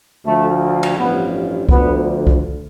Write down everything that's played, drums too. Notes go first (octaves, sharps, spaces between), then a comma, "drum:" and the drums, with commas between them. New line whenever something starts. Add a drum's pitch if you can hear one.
D2 D3 F3 A3
drum: cymbal
A1 G2 F3 B3
D2 D3 F3 B3, drum: kick C2
drum: kick C2